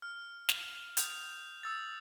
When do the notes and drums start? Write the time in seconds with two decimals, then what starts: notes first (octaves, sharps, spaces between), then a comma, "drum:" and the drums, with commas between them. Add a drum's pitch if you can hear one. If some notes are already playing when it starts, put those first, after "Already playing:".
0.02 F6
0.49 drum: snare
0.97 D#6 G6 F7, drum: hi-hat
1.63 D#6 E6 A6